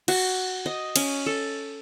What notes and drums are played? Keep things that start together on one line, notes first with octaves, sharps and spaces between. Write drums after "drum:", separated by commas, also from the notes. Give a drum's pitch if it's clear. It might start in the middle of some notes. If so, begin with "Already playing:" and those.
F#4, drum: cymbal
D#5
C#4, drum: cymbal
A4